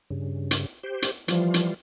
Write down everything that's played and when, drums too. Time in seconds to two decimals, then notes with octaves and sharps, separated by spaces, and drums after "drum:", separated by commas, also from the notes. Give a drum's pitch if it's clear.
0.10 G2 C#3
0.51 drum: hi-hat
0.83 G4 C5
1.02 drum: hi-hat
1.28 E3 F3 G3 F4, drum: hi-hat
1.54 drum: hi-hat